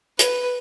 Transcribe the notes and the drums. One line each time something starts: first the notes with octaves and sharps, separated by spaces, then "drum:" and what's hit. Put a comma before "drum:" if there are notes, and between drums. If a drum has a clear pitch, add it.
B4, drum: hi-hat